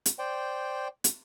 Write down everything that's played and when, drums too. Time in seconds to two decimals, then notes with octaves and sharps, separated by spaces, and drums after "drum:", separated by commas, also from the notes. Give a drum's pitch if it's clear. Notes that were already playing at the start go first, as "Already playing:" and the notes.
0.06 drum: hi-hat
0.19 C5 D5 G5
1.04 drum: hi-hat